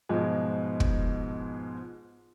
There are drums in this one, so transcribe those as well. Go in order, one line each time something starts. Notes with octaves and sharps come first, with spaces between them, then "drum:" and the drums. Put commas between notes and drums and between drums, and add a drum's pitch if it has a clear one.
G#2 B2 F3 G#3
drum: kick